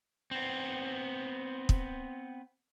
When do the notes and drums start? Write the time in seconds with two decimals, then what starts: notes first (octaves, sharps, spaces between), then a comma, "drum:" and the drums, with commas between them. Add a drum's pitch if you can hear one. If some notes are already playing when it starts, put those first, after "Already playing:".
0.31 B3 C4
1.69 drum: kick